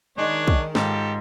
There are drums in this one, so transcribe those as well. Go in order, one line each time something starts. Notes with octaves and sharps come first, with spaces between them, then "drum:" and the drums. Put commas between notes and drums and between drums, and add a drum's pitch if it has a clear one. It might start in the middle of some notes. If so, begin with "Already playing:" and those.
D#3 G#3 D4 D#4 C#5
drum: kick
G#2 C#4 F4 G4 A4 F5, drum: snare